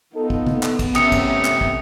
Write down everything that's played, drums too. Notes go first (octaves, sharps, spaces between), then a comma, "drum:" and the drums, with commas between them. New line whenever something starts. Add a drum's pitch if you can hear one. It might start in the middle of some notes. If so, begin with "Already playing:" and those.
B3 D#4 F4 A4
drum: kick
drum: tom C#3
drum: clap
drum: kick, cymbal
C3 A3 C#4 D#6 C#7, drum: clap
drum: kick, cymbal
drum: clap
drum: kick